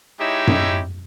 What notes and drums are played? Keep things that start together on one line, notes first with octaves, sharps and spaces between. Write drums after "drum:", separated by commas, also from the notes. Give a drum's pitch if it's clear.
G#3 D#4 E4 G4 C#5 E5
drum: tom F#2